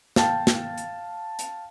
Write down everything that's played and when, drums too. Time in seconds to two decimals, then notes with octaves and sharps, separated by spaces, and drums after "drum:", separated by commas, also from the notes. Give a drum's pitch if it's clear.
0.16 F5 G5 A5, drum: snare
0.47 drum: snare
0.78 drum: hi-hat
1.39 drum: hi-hat